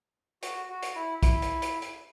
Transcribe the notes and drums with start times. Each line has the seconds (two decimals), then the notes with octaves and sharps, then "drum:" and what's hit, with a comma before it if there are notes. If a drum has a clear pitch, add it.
0.43 F#4, drum: hi-hat
0.69 F#4
0.83 drum: hi-hat
0.96 E4
1.23 E4, drum: kick, hi-hat
1.42 drum: hi-hat
1.62 drum: hi-hat
1.82 drum: hi-hat